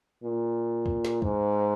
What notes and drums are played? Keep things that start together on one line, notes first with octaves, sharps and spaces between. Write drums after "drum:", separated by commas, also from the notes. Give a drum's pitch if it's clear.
A#2
drum: kick
drum: snare
G#2, drum: kick